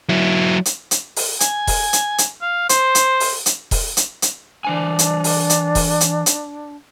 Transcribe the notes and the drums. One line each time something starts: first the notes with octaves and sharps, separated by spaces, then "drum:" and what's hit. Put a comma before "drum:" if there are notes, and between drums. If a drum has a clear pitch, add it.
F#3 E4
drum: hi-hat
drum: hi-hat
drum: open hi-hat
G#5, drum: hi-hat
drum: kick E1, open hi-hat
drum: hi-hat
drum: hi-hat
F5
C5, drum: hi-hat
drum: hi-hat
drum: open hi-hat
drum: hi-hat
drum: kick E1, open hi-hat
drum: hi-hat
drum: hi-hat
E3 D4 C5 G#5
drum: hi-hat
drum: open hi-hat
drum: hi-hat
drum: kick E1, open hi-hat
drum: hi-hat
drum: hi-hat